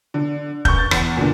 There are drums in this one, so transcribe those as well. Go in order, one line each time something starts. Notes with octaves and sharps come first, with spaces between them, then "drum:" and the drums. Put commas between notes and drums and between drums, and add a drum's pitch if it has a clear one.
D3
C#6 G6, drum: kick
A6
E2, drum: rim click
A#2 D3